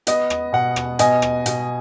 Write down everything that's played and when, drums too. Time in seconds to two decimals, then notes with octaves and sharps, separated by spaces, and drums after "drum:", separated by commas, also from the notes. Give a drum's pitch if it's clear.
0.07 B3 D#5, drum: hi-hat
0.30 drum: rim click
0.53 B2 F#5
0.76 drum: rim click
0.99 B2 D#5 G#5, drum: hi-hat
1.22 drum: rim click
1.46 B2, drum: hi-hat